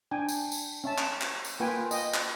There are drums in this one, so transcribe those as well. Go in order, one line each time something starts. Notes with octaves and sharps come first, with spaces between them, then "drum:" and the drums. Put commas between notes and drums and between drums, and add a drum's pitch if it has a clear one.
D4 G5 G#5
drum: tambourine
drum: tambourine
C#4 E5 A5
drum: clap
drum: clap
drum: tambourine
A#3 F4 B4 G5 G#5
D#5 G5, drum: tambourine
drum: clap